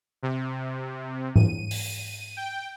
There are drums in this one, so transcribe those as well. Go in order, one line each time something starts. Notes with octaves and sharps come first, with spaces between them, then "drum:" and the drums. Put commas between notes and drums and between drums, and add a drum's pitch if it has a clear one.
C3
D#7, drum: tom G#2
drum: open hi-hat
G5